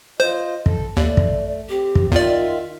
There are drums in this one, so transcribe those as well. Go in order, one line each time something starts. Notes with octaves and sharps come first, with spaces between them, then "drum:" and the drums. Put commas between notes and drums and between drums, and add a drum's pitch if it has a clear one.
F4 C5 D#5
A4, drum: kick
D#2 A3 D5
drum: kick
C4 G4
drum: kick
E2 D#3 F4 D5 E5 F5